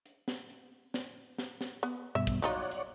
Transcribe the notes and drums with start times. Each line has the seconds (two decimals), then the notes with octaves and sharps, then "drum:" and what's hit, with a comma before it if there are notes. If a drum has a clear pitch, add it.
0.06 drum: hi-hat
0.28 drum: snare
0.50 drum: hi-hat
0.94 drum: snare
1.38 drum: snare
1.61 drum: snare
1.83 B3, drum: hi-hat
2.15 G2 B2 E5
2.27 drum: kick, hi-hat
2.42 F#3 D#4 F4 C#5 D5 F#5
2.71 drum: hi-hat